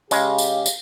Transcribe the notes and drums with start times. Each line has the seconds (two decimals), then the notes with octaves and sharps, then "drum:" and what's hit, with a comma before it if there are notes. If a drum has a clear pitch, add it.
0.11 C#3 G#3 G4 G#4 F5, drum: tambourine
0.38 drum: tambourine
0.66 drum: tambourine